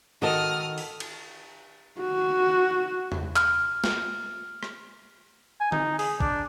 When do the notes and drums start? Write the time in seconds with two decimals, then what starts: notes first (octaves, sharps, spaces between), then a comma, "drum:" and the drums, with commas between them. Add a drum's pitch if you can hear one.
0.22 D#3 F#4 A4 D#5 D#6 F6
0.78 drum: open hi-hat
1.00 drum: cymbal
2.01 F#4
3.12 drum: tom E2
3.36 F6, drum: clap
3.84 drum: snare
4.63 drum: rim click
5.60 G#5
5.72 D#4, drum: tom D3
5.99 G#4, drum: open hi-hat
6.20 D4, drum: kick A#1